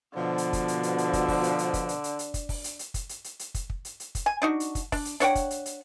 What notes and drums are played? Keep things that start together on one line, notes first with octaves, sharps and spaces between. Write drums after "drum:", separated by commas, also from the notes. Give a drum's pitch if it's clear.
B2 D3 F3
drum: hi-hat
drum: kick, hi-hat
drum: hi-hat
drum: hi-hat
drum: hi-hat
drum: kick, hi-hat
drum: kick, open hi-hat
drum: hi-hat
drum: hi-hat
drum: kick, hi-hat
drum: hi-hat
drum: hi-hat
drum: hi-hat
drum: kick, hi-hat
drum: kick, open hi-hat
drum: hi-hat
drum: hi-hat
drum: kick, hi-hat
drum: hi-hat
drum: hi-hat
drum: hi-hat
drum: kick, hi-hat
drum: kick
drum: hi-hat
drum: hi-hat
drum: kick, hi-hat
G#5
D4 D#4 F#4
drum: hi-hat
drum: kick, hi-hat
D4, drum: kick, open hi-hat
drum: hi-hat
D4 C#5 F#5 G5, drum: hi-hat
drum: kick, hi-hat
drum: hi-hat
drum: hi-hat